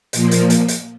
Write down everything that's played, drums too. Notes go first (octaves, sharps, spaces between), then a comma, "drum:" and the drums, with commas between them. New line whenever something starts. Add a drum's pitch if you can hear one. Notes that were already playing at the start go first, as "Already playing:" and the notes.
A#2 F3 A#3, drum: hi-hat
drum: hi-hat
drum: hi-hat
drum: hi-hat